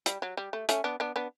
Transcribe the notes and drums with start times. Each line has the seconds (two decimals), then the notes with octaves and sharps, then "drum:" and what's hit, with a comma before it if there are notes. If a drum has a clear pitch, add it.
0.06 G3, drum: hi-hat
0.22 F#3
0.37 G3
0.53 A3
0.69 A3 C#4, drum: hi-hat
0.84 B3 D4
1.00 B3 D4
1.16 B3 D4